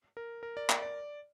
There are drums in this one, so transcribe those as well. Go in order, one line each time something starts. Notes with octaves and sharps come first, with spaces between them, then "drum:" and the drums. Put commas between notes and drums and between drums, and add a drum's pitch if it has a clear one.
A#4
A#4
D5
D5, drum: clap
D5